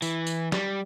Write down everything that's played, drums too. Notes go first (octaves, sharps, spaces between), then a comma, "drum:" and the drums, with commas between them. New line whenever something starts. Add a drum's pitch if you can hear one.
E3, drum: tambourine
drum: tambourine
G3, drum: snare